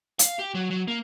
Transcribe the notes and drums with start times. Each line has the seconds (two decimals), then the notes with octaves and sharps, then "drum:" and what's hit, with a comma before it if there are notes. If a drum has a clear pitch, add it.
0.19 F5, drum: hi-hat
0.39 G4
0.54 F#3
0.70 F#3
0.88 A#3